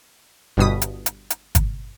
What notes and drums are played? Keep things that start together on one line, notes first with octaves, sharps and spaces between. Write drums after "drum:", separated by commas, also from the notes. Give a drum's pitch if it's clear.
G1 G2 B2 D#6 B6
drum: hi-hat
drum: hi-hat
drum: hi-hat
drum: kick G1, hi-hat